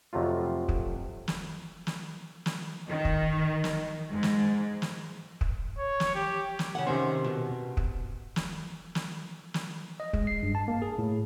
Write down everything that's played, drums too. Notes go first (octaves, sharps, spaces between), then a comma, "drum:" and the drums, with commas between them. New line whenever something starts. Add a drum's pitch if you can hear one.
F2 C3 F#3 A3 F4
drum: kick
drum: snare
drum: snare
drum: snare
D#3
drum: kick
drum: snare
G#2
drum: snare
drum: snare
drum: kick
C#5
drum: snare
G4
drum: snare
C#3 F#5
C3 D#3 C#4 C5
B2
drum: kick
drum: snare
drum: snare
drum: snare
D#5
G#3, drum: kick
C7
G2
A5
A#3
G#4
A2